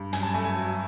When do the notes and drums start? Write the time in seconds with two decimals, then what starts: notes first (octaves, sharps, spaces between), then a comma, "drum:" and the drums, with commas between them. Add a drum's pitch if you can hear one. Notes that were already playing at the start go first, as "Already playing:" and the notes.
Already playing: G2
0.13 F#2 G#5, drum: open hi-hat
0.23 A5
0.34 A3 G#5
0.45 G#5
0.56 F#3